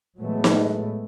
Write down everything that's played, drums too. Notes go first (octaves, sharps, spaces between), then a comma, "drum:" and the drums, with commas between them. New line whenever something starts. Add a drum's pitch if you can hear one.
A2 E3 F#3 G#3 A3 B3
drum: snare